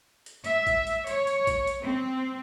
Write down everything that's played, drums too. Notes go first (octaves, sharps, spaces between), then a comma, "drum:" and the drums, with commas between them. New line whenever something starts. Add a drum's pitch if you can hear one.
drum: hi-hat
E5, drum: hi-hat
drum: kick A#1, hi-hat
drum: hi-hat
C#5, drum: hi-hat
drum: hi-hat
drum: kick A#1, hi-hat
drum: hi-hat
C4